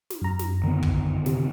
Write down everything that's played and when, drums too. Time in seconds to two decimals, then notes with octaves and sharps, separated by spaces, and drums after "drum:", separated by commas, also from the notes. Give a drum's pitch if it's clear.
0.10 drum: snare
0.22 F#2 A#5
0.39 drum: snare
0.64 D3 D#3 B3
0.83 drum: kick
1.26 C3, drum: snare